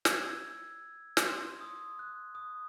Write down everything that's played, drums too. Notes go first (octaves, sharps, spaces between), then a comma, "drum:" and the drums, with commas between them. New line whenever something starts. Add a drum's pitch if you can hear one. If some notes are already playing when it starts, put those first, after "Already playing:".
G#6, drum: snare
E6
drum: snare
C6
D#6
F#6
D#6